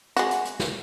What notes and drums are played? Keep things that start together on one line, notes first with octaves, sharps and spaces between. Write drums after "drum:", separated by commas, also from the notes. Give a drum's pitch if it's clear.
G#3 F#4, drum: hi-hat
drum: hi-hat
drum: hi-hat
drum: snare